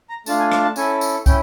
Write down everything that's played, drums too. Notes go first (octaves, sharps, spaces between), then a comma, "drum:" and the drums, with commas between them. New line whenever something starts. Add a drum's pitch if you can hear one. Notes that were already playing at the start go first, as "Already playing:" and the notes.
A#5
A3 D4 F4 A5, drum: tambourine
G#5
A5, drum: rim click
A5
C#4 E4 A4 G#5, drum: tambourine
drum: tambourine
C#4 E4 G5, drum: kick, tambourine